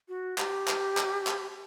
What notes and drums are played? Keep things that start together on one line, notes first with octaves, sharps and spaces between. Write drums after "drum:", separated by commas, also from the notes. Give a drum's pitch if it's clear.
F#4
G4, drum: clap
drum: clap
drum: clap
drum: clap